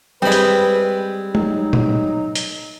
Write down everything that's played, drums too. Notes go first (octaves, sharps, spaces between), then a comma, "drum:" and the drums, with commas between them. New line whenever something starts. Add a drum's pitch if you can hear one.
G3 G#3 C4 B4 B5
drum: hi-hat
F#3 D#4, drum: tom G#3
drum: tom A#2
drum: hi-hat